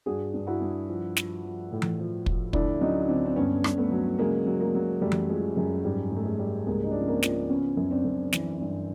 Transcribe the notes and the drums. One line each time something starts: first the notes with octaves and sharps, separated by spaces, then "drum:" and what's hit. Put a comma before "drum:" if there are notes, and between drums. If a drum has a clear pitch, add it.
G2 F#4 G#4
G2
E4 F#4
G2
F3
F3, drum: snare
F3
A2
drum: tom E3
F3
F3, drum: kick
D2 D4 E4, drum: kick
F#3 C#4 D#4
D3 C4 D4
C4
G2 B3 C#4
G2, drum: rim click
A3 B3
F#3
C#3 G#3 A#3
F#3
G#3 A#3
F#3
F#2 G3 A3
drum: tom E3
F3 G#3
F#2 G#3
G#2 G3
G#2 A3
G#3
G3
C#2 G#3 A#3
D#4
D4
F3
C#4
A#3 C4
F3, drum: snare
C#3 B3 C#4
F#2
C4 D4
F#2
E3, drum: snare
G2